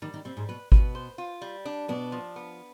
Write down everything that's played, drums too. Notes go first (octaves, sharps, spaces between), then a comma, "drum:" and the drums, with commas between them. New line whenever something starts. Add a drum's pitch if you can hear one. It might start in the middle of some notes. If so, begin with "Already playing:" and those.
D#3 G3 D#4
D#3 D#4
C3 G3 C4
G#2 G#3
B2 B3 B4
B2 B3 B4, drum: kick G#1
C5
F4
G3
D4
B2 B3 D4
F3
B3